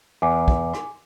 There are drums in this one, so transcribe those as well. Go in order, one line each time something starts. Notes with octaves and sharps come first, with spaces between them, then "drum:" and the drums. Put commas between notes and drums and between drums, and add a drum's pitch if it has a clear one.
E2 G#5 D6
drum: kick
drum: rim click